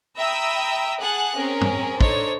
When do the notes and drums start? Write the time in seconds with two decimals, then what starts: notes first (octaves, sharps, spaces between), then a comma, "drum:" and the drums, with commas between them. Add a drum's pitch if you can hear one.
0.17 E5 G5 A#5 B5 D#6 E6
1.00 G#4 F#5 A5 F#6
1.38 C4 C#4 G#4 A#4
1.61 drum: tom G2
2.01 D4 D#4 A4 C5 C#5, drum: kick